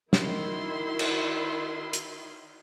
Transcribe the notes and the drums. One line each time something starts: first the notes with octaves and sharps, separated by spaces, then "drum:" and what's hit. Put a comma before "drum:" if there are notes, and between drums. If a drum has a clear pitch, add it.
D#3 E4 F#4 C6, drum: snare
drum: cymbal
drum: hi-hat